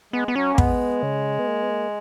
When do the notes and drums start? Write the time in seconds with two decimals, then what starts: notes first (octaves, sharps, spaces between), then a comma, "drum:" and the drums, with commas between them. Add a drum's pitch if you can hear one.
0.13 G#3 B3
0.28 B3
0.36 F#3 C#4
0.54 A#3
0.58 G#3 B3, drum: kick
1.03 C#3
1.39 B3
1.47 A#3
1.63 B3
1.70 A#3